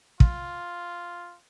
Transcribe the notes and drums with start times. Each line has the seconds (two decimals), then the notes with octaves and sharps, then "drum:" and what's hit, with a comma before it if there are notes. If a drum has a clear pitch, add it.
0.20 F4, drum: kick